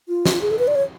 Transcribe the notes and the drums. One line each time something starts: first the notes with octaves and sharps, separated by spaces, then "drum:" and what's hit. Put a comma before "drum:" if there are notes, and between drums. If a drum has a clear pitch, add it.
F4
F#4, drum: snare
F4
G#4
A4
B4
D5
C#5